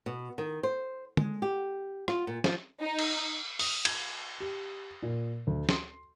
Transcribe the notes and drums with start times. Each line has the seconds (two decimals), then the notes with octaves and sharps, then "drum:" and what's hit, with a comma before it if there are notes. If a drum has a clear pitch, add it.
0.06 B2
0.38 D#3
0.63 C5
1.17 G#3, drum: tom
1.42 G4
2.08 F4, drum: rim click
2.27 A#2
2.44 F3, drum: snare
2.81 D#4
2.99 drum: cymbal
3.59 D#6, drum: open hi-hat
3.85 G#6, drum: cymbal
4.40 G4
5.03 A#2
5.47 D2
5.69 C6, drum: snare